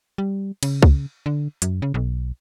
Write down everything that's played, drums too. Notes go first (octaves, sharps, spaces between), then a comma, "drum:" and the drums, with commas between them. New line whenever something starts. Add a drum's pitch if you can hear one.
G3
C#3, drum: cymbal
drum: kick C#2
D3
F#2, drum: hi-hat
C#3
B1